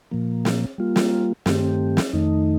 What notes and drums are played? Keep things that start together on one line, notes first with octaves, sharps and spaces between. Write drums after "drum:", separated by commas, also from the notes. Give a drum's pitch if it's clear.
A#2 F3 A#3
drum: snare
G3 A#3 F4
drum: snare
G2 D#3 A3 C4 G4, drum: snare
drum: snare
F2 D#3 A3 D#4